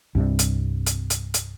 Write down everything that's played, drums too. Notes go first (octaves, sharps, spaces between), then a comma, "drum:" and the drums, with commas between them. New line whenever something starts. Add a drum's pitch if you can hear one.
C2 G2 C3 G3
drum: hi-hat
drum: hi-hat
drum: hi-hat
drum: hi-hat